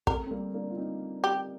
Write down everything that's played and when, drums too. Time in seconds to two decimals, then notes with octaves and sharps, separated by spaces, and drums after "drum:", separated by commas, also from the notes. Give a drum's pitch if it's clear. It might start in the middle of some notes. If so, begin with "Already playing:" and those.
0.07 A3 C4 A#4, drum: kick
0.27 C4
0.31 G3 A#3
0.54 A#3 D4
0.71 F4
0.76 C4 D#4
1.24 G4